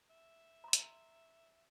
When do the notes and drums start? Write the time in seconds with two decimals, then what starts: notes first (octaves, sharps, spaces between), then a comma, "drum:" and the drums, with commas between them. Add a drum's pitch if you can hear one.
0.11 E5
0.64 A#5 C6
0.73 drum: hi-hat